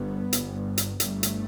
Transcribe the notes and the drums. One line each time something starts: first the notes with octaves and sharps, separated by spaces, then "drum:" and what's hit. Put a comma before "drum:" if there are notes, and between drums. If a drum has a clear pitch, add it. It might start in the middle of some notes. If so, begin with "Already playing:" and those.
Already playing: G1 G2 B3
G1 G2, drum: hi-hat
drum: hi-hat
G1 G2 A3, drum: hi-hat
drum: hi-hat